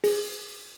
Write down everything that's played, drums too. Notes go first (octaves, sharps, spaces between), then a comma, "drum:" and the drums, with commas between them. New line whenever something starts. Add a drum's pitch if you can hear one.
G#4, drum: open hi-hat